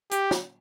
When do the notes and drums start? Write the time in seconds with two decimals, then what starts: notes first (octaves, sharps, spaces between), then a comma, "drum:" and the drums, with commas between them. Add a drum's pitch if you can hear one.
0.11 G4, drum: hi-hat
0.31 drum: snare